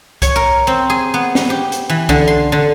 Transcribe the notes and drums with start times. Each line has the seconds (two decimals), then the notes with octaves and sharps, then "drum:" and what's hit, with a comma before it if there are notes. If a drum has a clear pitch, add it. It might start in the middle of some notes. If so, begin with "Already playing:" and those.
0.22 C#5, drum: kick C2, hi-hat
0.36 A#4
0.67 C4
0.90 G#4
1.14 B3
1.35 drum: snare
1.50 G4
1.72 drum: hi-hat
1.89 E3
2.09 D3, drum: kick C2
2.28 C6
2.52 D3